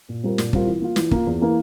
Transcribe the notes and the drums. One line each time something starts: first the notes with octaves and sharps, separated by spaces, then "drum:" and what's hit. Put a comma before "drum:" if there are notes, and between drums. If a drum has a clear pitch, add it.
A#2
G3 C4 F4 A#4
A#2, drum: snare
G3 C4 F4 A#4, drum: kick
E3
A#3 F4
E3, drum: snare
A#3 F4, drum: kick
E2
E3 A#3